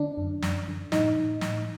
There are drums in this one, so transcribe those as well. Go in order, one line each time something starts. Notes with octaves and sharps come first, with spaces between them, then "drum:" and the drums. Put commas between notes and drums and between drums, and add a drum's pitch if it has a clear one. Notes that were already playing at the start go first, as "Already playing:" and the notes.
Already playing: D3 D4
F#2
F#2, drum: snare
D3
A2 D#4, drum: snare
A2
A2, drum: snare